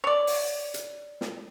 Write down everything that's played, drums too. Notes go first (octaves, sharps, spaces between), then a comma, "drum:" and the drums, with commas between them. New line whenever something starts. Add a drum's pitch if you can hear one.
C#5 D5
drum: open hi-hat
drum: hi-hat
drum: snare